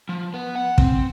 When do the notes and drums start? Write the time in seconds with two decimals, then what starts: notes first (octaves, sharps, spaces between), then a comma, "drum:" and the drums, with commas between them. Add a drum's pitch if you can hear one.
0.09 F3
0.34 B3
0.55 F#5
0.78 C4, drum: kick